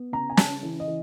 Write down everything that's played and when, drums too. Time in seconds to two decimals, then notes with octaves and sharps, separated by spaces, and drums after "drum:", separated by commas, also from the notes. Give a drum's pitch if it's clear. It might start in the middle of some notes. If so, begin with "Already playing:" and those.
Already playing: B3
0.12 C#3 A#5
0.30 G#5
0.37 C#3 A5, drum: snare
0.63 E3
0.80 D#5
0.88 E3